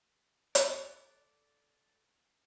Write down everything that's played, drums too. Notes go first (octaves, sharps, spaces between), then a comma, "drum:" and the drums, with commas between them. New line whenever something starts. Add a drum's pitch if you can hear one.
A4 D5, drum: hi-hat